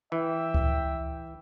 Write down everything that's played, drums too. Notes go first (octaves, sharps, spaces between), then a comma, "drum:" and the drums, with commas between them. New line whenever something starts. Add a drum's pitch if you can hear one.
E3 E5 G5
drum: kick C#2